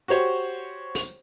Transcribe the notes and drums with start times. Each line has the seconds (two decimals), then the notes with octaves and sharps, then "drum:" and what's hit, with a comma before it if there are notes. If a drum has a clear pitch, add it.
0.08 F#4 G4 C5 C#5
0.95 drum: open hi-hat